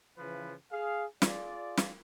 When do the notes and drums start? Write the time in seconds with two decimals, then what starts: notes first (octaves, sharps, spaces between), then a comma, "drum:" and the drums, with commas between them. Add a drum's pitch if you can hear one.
0.18 C#3 E3 F3 B4
0.71 G#4 F5
1.22 F4 G#4 D5, drum: snare
1.77 drum: snare